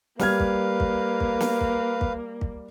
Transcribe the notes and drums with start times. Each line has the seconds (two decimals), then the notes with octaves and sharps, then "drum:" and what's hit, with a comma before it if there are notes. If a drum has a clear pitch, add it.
0.19 G3 A#3 B4 F5 F6 G#6, drum: snare
0.40 drum: kick
0.80 drum: kick
1.20 drum: kick
1.40 drum: snare
1.61 drum: kick
2.01 drum: kick
2.41 drum: kick